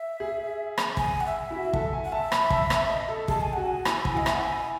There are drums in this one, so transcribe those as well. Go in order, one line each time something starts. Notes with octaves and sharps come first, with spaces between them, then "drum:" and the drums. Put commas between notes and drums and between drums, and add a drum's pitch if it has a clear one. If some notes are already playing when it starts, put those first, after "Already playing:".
Already playing: E5
G#4
drum: rim click
G#5, drum: kick
F#5
E5
E4
F#4
A4, drum: kick
G#5
F#5
E5 A5
B5, drum: rim click
A5, drum: kick
drum: rim click
D#5
A4
G#4 A5, drum: kick
G#5
F#4 F#5
G#5
E4, drum: rim click
drum: kick
E4 D#5
E5, drum: rim click
F#5
G#5